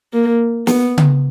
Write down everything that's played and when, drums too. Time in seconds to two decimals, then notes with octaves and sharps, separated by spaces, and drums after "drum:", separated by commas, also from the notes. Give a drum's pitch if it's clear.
0.13 A#3
0.67 B3, drum: snare
0.98 drum: tom C#3